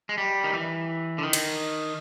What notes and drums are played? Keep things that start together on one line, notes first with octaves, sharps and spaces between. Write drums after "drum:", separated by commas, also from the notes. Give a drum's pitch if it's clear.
G#3
G3
D#3
E3
D3
D#3
drum: cymbal